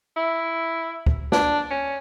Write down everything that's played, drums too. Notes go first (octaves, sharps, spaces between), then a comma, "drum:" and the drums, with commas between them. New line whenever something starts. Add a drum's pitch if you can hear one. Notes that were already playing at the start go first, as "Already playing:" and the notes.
E4
drum: kick
D4, drum: snare
C#4